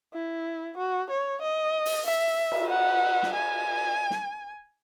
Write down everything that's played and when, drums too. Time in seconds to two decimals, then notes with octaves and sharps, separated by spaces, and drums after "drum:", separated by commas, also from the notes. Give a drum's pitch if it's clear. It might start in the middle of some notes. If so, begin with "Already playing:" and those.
0.14 E4
0.77 F#4
1.10 C#5
1.42 D#5
1.86 drum: open hi-hat
2.06 E5
2.52 drum: cymbal
2.70 F#5
3.23 drum: snare
3.34 G#5
4.10 drum: snare